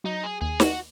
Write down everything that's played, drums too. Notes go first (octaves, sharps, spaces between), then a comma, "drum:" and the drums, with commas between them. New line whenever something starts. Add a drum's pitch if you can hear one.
F#3 D#4
G#4
D#2 G#4
F#4, drum: snare